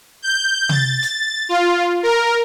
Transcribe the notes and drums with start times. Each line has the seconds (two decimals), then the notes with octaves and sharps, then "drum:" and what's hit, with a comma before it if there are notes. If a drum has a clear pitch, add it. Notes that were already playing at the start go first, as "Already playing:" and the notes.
0.22 G6
0.69 A6, drum: tom
1.03 drum: hi-hat
1.49 F4
2.03 A#4